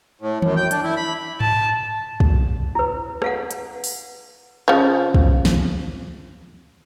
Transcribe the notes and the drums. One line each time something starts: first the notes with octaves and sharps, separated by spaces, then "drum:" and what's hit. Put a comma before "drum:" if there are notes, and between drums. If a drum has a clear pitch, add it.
A2
F#2, drum: tom D#3
G5
D4, drum: hi-hat
E4
B5
A5, drum: tom G#2
drum: kick
E4 B4
B4 F5 F#5, drum: rim click
drum: hi-hat
drum: open hi-hat
C#3 F3
drum: kick
drum: snare